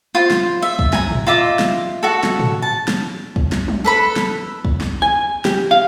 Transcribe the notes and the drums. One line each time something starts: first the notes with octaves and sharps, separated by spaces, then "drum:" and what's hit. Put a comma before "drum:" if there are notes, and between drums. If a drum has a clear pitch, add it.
F4 C5
drum: snare
E5
drum: kick
G#5 A#5, drum: snare
drum: tom
F4 D#5 E5 D6
drum: snare
F#4 A4
drum: snare
drum: tom
A5
drum: snare
drum: kick
drum: snare
drum: tom F#3
A4 B4 B5
drum: snare
drum: kick
drum: snare
G#5
G4, drum: snare
F5